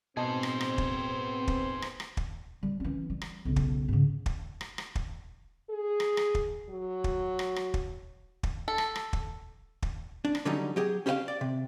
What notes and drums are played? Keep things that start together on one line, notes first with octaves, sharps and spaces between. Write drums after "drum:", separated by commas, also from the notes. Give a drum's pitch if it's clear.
B2 B3 C4 G#4 C5 D#5 A5
drum: rim click
drum: rim click
drum: kick
drum: kick
drum: rim click
drum: rim click
drum: kick
G3
E3 C#4
G3
drum: rim click
B1 C#3
drum: kick
G#2 C#3
drum: kick
drum: rim click
drum: rim click
drum: kick
G#4
drum: rim click
drum: rim click
drum: kick
F#3
drum: kick
drum: rim click
drum: rim click
drum: kick
drum: kick
A4
drum: rim click
drum: rim click
drum: kick
drum: kick
D4
drum: rim click
D3 F#3 G3 C#4 D#4
F#3 G4 G#4
C#4 G4 G#4 C#5 F5 G5
D5
C3